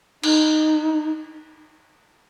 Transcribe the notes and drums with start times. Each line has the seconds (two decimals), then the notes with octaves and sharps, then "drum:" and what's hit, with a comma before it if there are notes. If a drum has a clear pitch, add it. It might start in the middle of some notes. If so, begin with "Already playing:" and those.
0.23 D#4, drum: cymbal